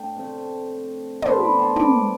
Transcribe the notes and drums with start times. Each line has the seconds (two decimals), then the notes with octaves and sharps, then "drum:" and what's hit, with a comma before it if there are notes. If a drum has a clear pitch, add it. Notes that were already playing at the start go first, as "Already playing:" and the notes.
Already playing: A2 D4 G5 A5
0.16 C3 F3 A3
1.22 A2 F3 B3 D4 A5 C6, drum: tom
1.40 B5 D6
1.59 A5 C6
1.76 B5 D6, drum: tom